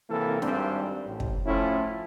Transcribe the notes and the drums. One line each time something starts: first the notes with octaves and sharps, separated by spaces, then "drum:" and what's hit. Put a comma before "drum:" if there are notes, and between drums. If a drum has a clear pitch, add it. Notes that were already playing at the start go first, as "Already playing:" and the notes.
G#1 C3 E3 A#3 E4 A4
G#1 G2 G3 C4 D4, drum: snare
A1
drum: kick
A2 F3 A3 C#4 E4 F4